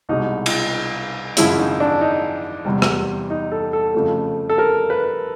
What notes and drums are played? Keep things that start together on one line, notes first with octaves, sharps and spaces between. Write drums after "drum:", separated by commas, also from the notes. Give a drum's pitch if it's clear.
C2 B2 G#3 D#4
drum: cymbal
G#1 F#2 C#3 F3 G#3 E4, drum: hi-hat
D#4
D4
D#4
E2 C3 E3 G3
drum: rim click
D#4
A4
A4
F2 C#3 F3 A3
A4
A#4
B4